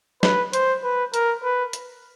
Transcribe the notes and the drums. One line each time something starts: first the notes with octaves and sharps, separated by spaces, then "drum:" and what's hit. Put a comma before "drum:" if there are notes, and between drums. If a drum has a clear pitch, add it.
B4, drum: snare
C5, drum: hi-hat
B4
A#4, drum: hi-hat
B4
drum: hi-hat